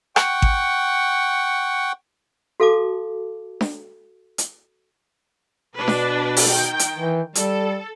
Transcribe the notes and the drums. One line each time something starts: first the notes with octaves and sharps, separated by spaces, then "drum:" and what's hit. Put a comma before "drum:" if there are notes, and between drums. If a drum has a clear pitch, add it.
F#5 G5 C#6, drum: rim click
drum: kick G#1
F#4 A4 F5 A5 D6
drum: snare D4
drum: hi-hat
B2 D4 B4
drum: snare D4
drum: open hi-hat
D#3 G5
drum: hi-hat
E3
G3 A4, drum: hi-hat